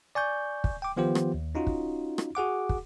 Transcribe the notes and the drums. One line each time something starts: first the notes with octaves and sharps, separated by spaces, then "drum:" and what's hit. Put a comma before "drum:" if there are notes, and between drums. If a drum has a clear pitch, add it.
D5 G#5 C#6 G6
drum: kick
G5 D6
D#3 F3 B3 F4 G4 C5
drum: rim click
D#2
C#4 D#4 F4 F#4
drum: kick
drum: rim click
F#4 G#4 F#5 D6
drum: kick